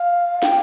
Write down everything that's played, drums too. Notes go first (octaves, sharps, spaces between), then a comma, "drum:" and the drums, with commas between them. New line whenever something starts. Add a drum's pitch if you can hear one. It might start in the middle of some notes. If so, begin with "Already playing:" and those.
Already playing: F5
G5, drum: snare